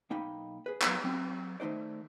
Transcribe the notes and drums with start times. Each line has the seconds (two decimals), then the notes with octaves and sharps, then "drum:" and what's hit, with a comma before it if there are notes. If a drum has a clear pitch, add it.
0.10 B1 A#3 D#4 G5 B5
0.66 G#4 B4
0.82 F#3 B3, drum: clap
1.04 F#3 C4
1.60 D#3 A3 D#4 C5 D5